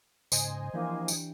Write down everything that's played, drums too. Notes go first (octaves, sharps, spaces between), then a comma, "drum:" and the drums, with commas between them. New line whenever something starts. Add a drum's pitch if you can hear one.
G#2 C#3 C5 D#5 G#5, drum: tambourine
E3 F3 A#3 D4 E4 G4
drum: tambourine